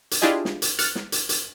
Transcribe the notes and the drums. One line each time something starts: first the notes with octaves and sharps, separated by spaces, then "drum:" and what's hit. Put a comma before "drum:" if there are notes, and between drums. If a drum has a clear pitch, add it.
drum: hi-hat
D4 E4 F4 G4 G#4 D#5
drum: snare
drum: hi-hat
F6 F#6 A6 C#7, drum: hi-hat
drum: snare
drum: hi-hat
drum: hi-hat